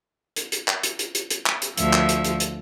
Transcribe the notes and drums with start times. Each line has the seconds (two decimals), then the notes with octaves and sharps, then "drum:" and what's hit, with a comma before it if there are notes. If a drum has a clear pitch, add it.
0.36 drum: hi-hat
0.52 drum: hi-hat
0.68 drum: clap
0.83 drum: hi-hat
0.99 drum: hi-hat
1.15 drum: hi-hat
1.30 drum: hi-hat
1.46 drum: clap
1.62 drum: hi-hat
1.77 D2 F3 E5, drum: hi-hat
1.93 drum: clap
2.09 drum: hi-hat
2.25 drum: hi-hat
2.40 drum: hi-hat